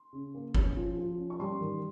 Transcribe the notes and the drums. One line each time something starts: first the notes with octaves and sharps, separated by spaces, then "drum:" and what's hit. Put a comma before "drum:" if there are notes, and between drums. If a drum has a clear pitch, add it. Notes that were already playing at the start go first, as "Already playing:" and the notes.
Already playing: C6
C#3
A#3
C#4, drum: kick
F3
F3
C#4
C#6
G3 C6
D#3